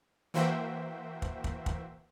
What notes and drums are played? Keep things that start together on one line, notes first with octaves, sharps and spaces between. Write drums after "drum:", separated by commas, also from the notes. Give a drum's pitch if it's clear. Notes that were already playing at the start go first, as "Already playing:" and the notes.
E3 A#3 F#4 C5 E5 G5
drum: kick
drum: kick
drum: kick